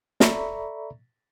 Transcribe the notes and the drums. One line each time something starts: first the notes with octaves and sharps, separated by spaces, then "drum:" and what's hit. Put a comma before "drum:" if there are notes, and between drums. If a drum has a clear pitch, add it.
A4 D5 E5 A#5 B5 C#6, drum: snare